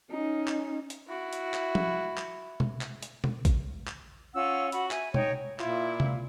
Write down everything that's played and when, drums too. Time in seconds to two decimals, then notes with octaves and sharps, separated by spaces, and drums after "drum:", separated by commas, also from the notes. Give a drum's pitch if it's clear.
0.11 C#4 D#4
0.48 drum: clap
0.90 drum: hi-hat
1.08 E4 F#4
1.33 drum: hi-hat
1.54 drum: clap
1.75 drum: tom
2.18 drum: clap
2.60 drum: tom B2
2.81 drum: clap
3.03 drum: hi-hat
3.24 drum: tom B2
3.45 drum: kick A1, hi-hat
3.87 drum: clap
4.34 C#4 F4 F#5 E6
4.72 F#4 F#5 B5, drum: hi-hat
4.91 E5 G#5, drum: clap
5.14 D#4 C#5 D#5 G5, drum: tom B2
5.60 A#2 E4 F4, drum: clap
6.00 drum: tom C3